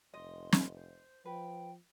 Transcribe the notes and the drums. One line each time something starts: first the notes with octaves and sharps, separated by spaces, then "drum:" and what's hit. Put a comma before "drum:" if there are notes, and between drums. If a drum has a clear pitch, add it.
F1 D#5 C6
drum: snare
C5
F3 B4 G5